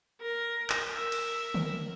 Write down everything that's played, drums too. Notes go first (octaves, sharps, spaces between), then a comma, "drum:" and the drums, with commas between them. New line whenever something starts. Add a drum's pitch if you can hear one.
A#4
drum: clap
A#4 E5
drum: cymbal
drum: tom D3